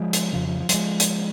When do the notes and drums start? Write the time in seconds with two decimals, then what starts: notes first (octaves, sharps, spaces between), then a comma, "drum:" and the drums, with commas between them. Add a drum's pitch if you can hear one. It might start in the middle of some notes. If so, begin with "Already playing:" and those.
Already playing: F3 G#3
0.13 drum: hi-hat
0.33 F2 C#3 F3
0.47 F3
0.60 F3
0.69 F#3, drum: hi-hat
0.74 F3 G#3
1.00 drum: hi-hat